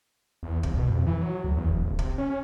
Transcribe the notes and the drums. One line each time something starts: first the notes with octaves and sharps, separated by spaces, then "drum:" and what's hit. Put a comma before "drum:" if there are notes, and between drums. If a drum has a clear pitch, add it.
E2
C2, drum: kick
B2
F2
E3
F#3
D2
E2
E1
D1
C3, drum: kick
C#4